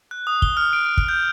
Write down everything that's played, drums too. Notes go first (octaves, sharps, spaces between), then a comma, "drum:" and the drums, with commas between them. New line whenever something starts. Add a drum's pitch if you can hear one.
F#6
D#6
G7, drum: kick
F6
D7
D7
drum: kick
G6